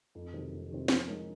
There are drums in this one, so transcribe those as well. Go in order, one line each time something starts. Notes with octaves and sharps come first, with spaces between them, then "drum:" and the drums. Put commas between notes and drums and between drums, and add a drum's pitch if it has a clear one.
F2
C3 D#3 F#3 C4
F2
C3 D#3 F#3 C4
F3, drum: snare
G#3 D#4 A#4 C#5